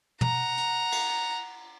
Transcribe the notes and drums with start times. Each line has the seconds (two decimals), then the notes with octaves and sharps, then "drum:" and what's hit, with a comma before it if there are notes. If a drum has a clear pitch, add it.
0.21 F#5 A#5, drum: tom
0.57 drum: hi-hat
0.92 drum: cymbal